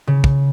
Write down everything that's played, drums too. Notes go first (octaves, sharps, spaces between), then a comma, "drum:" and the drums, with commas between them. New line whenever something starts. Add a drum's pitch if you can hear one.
C#3
drum: kick